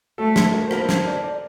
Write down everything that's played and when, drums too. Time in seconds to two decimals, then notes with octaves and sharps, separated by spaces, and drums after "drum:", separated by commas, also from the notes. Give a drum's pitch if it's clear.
0.18 A3 A4
0.36 A4, drum: snare
0.54 A#4
0.67 C5
0.71 A#3 A#4, drum: rim click
0.89 C5, drum: snare
1.06 D5
1.24 D5